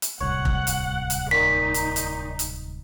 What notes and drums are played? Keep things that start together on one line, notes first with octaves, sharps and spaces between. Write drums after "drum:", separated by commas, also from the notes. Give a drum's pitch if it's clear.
drum: hi-hat
D1 C2 C#5 F#5
drum: kick F1
drum: hi-hat
drum: hi-hat
A#2 D#3 D#4 B6
drum: hi-hat
drum: hi-hat
drum: hi-hat